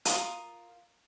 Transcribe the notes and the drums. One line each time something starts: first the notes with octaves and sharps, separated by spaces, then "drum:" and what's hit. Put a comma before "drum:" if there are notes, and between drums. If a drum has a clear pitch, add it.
F4 A#4 D#6, drum: hi-hat